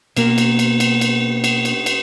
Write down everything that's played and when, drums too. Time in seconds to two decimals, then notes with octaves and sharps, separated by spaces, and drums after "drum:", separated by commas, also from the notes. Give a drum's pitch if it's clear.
0.17 B2 A#3 A#4, drum: cymbal
0.38 drum: cymbal
0.59 drum: cymbal
0.80 drum: cymbal
1.01 drum: cymbal
1.44 drum: cymbal
1.65 drum: cymbal
1.86 drum: cymbal